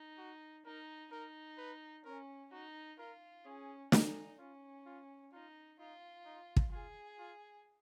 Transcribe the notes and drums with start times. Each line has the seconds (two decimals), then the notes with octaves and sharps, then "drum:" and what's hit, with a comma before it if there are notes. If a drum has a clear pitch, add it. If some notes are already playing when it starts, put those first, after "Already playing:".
Already playing: D#4
0.18 F#4
0.65 D#4 A#4
1.11 D#4 A#4
1.58 B4
2.05 C#4 A#4
2.51 D#4 F#4
2.98 F4 A#4
3.45 C#4 G#4
3.92 D#4, drum: snare
4.39 C#4 F4
4.86 F4
5.32 D#4 F4
5.79 D#4 F4
6.25 D#4
6.56 drum: kick
6.72 F4 G#4
7.19 F4